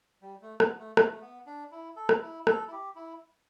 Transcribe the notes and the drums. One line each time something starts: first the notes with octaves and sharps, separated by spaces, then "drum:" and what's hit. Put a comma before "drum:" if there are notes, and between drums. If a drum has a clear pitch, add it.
G3
A3
B3, drum: rim click
A3
A3, drum: rim click
A3
B3
D4
E4
A4
drum: rim click
E4
A4, drum: rim click
E4
G4
E4